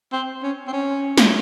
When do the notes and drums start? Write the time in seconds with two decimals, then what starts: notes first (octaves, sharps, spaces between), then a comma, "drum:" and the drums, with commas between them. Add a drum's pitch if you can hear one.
0.13 C4
0.43 C#4
0.68 C4
0.73 C#4
1.18 drum: snare